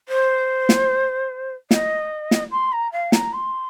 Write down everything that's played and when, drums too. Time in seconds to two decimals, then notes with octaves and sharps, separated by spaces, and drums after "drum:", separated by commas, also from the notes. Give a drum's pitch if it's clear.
0.09 C5
0.69 drum: snare
1.71 D#5, drum: snare
2.31 drum: snare
2.52 C6
2.72 A#5
2.92 F5
3.12 A#5, drum: snare
3.33 C6